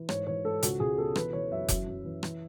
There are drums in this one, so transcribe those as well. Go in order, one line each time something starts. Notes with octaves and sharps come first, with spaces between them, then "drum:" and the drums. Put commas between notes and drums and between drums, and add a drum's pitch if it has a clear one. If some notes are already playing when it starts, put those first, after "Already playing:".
Already playing: E3
G#2 C#5, drum: rim click
E3 C#5
G#2 A4
C#2 F#4, drum: hi-hat
C#2 G#4
B2 A4
E3 B4, drum: rim click
E3 C#5
F#2 E5
F#2, drum: kick F1, hi-hat
F#2
E3
E3, drum: rim click